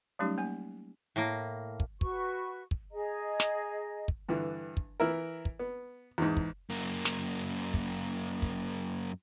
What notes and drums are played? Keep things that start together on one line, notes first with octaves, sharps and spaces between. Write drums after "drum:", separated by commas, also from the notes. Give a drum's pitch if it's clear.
F#3 G3 A3 C#4 D#4 G4
A#3 G#5
A2 A#3
drum: kick
F#4 B4 C#6, drum: kick
drum: kick
G#4 D#5 A#5
drum: snare
drum: kick
G2 D3 E3
drum: kick
E3 E4 A#4
drum: kick
B3
E2 G#2
drum: kick
F#2 A#3
drum: snare
drum: kick
drum: kick